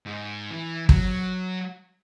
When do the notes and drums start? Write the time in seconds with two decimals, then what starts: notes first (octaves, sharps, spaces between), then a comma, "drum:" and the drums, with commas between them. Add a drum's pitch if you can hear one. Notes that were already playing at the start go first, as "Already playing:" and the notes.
0.06 G#2
0.51 E3
0.89 F#3, drum: kick